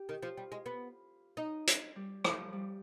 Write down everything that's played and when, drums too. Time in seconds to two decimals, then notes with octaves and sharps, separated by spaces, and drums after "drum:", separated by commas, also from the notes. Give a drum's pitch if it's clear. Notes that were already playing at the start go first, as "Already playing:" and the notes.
Already playing: G4
0.09 D#3
0.22 F3 F4
0.37 G3
0.52 G#3
0.66 B3
1.37 D#4
1.67 drum: hi-hat
1.96 G3
2.24 F3, drum: rim click
2.53 G3